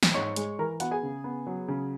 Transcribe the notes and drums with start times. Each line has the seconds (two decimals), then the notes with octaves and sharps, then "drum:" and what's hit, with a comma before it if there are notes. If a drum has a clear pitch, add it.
0.03 drum: snare
0.14 G#2 C#5 C#6
0.36 G#3, drum: hi-hat
0.58 E3 A#4 A#5
0.80 B3 F#4 F#5, drum: hi-hat
0.91 G#4 G#5
1.03 C#3
1.24 B3
1.47 F#3
1.68 C#3